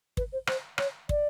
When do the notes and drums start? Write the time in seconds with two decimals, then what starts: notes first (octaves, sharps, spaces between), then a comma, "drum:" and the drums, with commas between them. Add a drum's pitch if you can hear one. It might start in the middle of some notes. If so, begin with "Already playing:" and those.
0.17 B4, drum: kick
0.32 C5
0.47 C5, drum: rim click
0.78 C#5, drum: rim click
1.09 D5, drum: kick